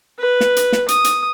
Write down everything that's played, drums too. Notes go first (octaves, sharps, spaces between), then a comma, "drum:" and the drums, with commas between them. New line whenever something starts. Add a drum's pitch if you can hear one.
B4
drum: snare
drum: hi-hat
drum: snare
D#6, drum: hi-hat
drum: hi-hat